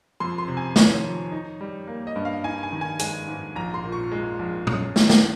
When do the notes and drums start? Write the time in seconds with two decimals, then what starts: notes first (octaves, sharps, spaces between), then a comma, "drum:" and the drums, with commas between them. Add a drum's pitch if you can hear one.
0.20 F2 C6
0.38 C6
0.48 C3
0.57 G#5
0.76 D#3 C#5, drum: snare
1.05 F2
1.32 D#4
1.61 G3
1.87 A#3
2.07 D#5
2.16 G2
2.25 F5
2.44 D#4 G#5
2.63 G#5
2.72 D#3
2.81 G#5
2.99 G#3 G#5, drum: hi-hat
3.28 G#2
3.56 A#1 A#5
3.74 C6
3.84 A#2
3.92 C#6
4.12 G#3
4.39 A#1
4.67 C#4, drum: tom
4.96 D#3, drum: snare
5.09 drum: snare